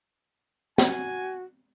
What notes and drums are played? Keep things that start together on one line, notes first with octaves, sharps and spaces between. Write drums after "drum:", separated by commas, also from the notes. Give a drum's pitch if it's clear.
F#4 G#5, drum: snare